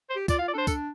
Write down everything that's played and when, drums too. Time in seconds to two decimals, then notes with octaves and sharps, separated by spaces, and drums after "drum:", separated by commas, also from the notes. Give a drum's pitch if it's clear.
0.10 C5
0.16 G4
0.28 F4 D5, drum: kick, tambourine
0.39 F5
0.42 F4
0.48 D5
0.53 D4 A4 C5
0.67 A4, drum: kick, tambourine